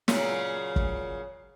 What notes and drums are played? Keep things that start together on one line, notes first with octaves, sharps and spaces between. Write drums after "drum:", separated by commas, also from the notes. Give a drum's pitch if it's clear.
A#2 C#3 F#3, drum: snare
drum: kick